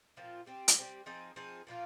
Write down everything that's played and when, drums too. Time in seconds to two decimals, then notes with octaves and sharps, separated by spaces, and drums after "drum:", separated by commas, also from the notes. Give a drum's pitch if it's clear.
0.17 A#2 F3 C4 F4
0.46 G3 C4 G4
0.68 drum: hi-hat
0.77 G3 C4 G4
1.06 F3 C4 D#4 G#4
1.36 F3 C4 D#4 G#4
1.67 A#2 F3 A#3 F4